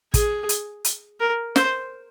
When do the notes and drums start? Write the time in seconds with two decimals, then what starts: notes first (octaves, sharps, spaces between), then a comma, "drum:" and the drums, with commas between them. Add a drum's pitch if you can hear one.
0.14 G#4, drum: kick, hi-hat
0.49 drum: hi-hat
0.84 drum: hi-hat
1.20 A#4
1.56 C5, drum: snare